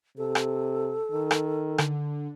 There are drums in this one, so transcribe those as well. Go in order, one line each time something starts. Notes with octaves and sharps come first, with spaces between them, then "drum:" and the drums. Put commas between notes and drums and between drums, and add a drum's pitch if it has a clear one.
C3 A4
drum: rim click
D#3
drum: rim click
D3, drum: rim click